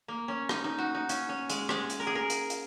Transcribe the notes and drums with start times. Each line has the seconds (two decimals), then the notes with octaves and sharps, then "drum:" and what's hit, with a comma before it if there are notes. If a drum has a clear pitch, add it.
0.08 A#3
0.28 C#4
0.49 D#4, drum: rim click
0.64 D#4
0.78 F#4
0.95 D#4
1.09 C#4, drum: hi-hat
1.29 C#4
1.49 G#3, drum: hi-hat
1.69 G#3, drum: rim click
1.90 drum: hi-hat
2.00 A#4
2.07 G#4
2.15 A#4
2.30 drum: hi-hat
2.50 drum: hi-hat